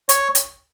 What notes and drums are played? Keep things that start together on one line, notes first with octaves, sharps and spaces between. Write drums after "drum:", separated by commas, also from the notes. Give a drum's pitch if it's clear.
C#5, drum: hi-hat
drum: hi-hat